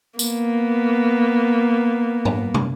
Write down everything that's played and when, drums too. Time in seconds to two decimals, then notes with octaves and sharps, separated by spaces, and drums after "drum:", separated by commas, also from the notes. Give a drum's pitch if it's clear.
0.19 A#3 B3, drum: tambourine
2.25 drum: tom G#2
2.54 drum: tom